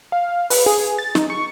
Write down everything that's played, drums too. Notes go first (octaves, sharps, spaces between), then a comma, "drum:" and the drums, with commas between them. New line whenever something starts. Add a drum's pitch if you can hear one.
F5
B4, drum: open hi-hat
G#4
A6
D#4, drum: snare
C#6